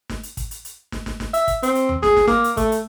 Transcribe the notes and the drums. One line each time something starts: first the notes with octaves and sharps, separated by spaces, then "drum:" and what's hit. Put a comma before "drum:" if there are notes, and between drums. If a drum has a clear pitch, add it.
drum: snare
drum: hi-hat
drum: kick, hi-hat
drum: hi-hat
drum: hi-hat
drum: snare
drum: snare
drum: snare
E5, drum: hi-hat
drum: kick, hi-hat
C4, drum: hi-hat
drum: hi-hat
drum: tom E2
G#4, drum: snare
drum: snare
A#3, drum: snare
drum: hi-hat
A3, drum: kick, hi-hat
drum: hi-hat